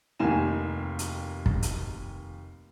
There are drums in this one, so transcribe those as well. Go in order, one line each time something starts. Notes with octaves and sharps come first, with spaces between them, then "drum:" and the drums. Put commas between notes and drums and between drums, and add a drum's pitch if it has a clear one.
F1 D#2 A#3 D#4 G#5 E7
drum: hi-hat
drum: kick
drum: hi-hat